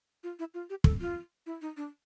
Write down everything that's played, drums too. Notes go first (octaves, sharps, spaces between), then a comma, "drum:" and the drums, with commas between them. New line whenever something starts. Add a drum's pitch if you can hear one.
F4
E4
F4
G4
A4, drum: kick
F4
E4
D#4
D4